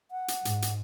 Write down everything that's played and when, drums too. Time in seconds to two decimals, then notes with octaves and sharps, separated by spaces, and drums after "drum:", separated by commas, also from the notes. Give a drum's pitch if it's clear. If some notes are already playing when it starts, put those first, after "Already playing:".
0.11 F#5
0.28 drum: hi-hat
0.45 G#2, drum: hi-hat
0.62 drum: hi-hat